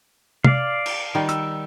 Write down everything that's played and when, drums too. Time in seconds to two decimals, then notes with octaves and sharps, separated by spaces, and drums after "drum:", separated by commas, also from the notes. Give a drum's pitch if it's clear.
0.44 D5 F5, drum: tom
0.86 drum: cymbal
1.15 D#3 G3
1.29 E6, drum: hi-hat